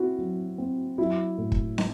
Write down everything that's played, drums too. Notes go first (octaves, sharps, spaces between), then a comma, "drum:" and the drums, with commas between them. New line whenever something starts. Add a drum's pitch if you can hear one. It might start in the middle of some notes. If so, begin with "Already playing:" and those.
Already playing: C4 E4 F#4
F#3
C4
F#3 E4
A2
drum: kick
D#4, drum: snare